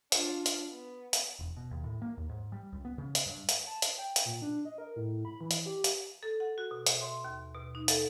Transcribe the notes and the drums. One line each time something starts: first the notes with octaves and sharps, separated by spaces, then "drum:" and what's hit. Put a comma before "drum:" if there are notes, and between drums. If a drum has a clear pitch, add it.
D4 F4, drum: hi-hat
drum: hi-hat
B3
drum: hi-hat
E1
B2
D#2
A2
A#3
D#2
G#2
G3
C#2
B3
C#3
drum: hi-hat
G2
drum: hi-hat
A5
drum: hi-hat
G5
drum: hi-hat
A#2
D4
D#5
A#4
A2
B5
E3
drum: hi-hat
G4
drum: hi-hat
A4
F#5
F#4
B2
E5, drum: hi-hat
C6
D#2
B2
D#4
A4, drum: hi-hat